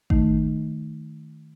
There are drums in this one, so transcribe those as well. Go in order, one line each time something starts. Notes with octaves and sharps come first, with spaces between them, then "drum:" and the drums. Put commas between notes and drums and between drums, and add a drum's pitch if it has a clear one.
D#3 A3 D#4, drum: kick A1